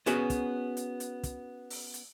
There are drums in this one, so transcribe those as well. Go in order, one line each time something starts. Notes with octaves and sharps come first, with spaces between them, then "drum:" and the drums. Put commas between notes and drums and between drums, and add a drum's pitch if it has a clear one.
B3 C#4 F#4 G#4 B4, drum: hi-hat
drum: kick, hi-hat
drum: hi-hat
drum: hi-hat
drum: kick, hi-hat
drum: open hi-hat
drum: hi-hat